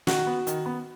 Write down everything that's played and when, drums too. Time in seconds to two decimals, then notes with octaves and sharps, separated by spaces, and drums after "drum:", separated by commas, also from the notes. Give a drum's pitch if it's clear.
0.07 D#3 F#4, drum: snare
0.27 B3
0.47 D#3, drum: hi-hat
0.66 B3